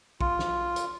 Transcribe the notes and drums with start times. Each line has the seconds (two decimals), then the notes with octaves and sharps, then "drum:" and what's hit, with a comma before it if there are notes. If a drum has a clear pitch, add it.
0.21 F4, drum: kick
0.39 drum: snare
0.76 drum: hi-hat